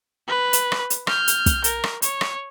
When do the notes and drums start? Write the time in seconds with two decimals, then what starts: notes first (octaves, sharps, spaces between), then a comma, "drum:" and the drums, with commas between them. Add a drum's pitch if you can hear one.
0.28 B4
0.53 drum: hi-hat
0.72 drum: rim click
0.90 drum: hi-hat
1.07 F6 G6, drum: rim click
1.28 drum: hi-hat
1.46 drum: kick, hi-hat
1.64 A#4, drum: hi-hat
1.84 drum: rim click
2.02 C#5, drum: hi-hat
2.21 drum: rim click